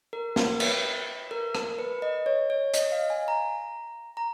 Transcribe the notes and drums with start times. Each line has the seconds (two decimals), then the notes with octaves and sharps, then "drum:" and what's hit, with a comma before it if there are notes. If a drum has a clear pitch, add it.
0.13 A#4
0.36 A#4, drum: snare
0.60 B4, drum: cymbal
1.31 A#4
1.55 A#4, drum: rim click
1.78 B4
2.02 D#5
2.26 C#5
2.50 C#5
2.74 D#5, drum: hi-hat
2.92 F5
3.10 G#5
3.28 A#5
4.17 A#5